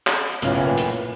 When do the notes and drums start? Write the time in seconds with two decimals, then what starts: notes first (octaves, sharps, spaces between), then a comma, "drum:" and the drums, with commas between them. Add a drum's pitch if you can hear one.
0.07 drum: clap
0.42 B1 F#2 A2 C#3 E3 F4, drum: hi-hat
0.66 A#2
0.77 drum: hi-hat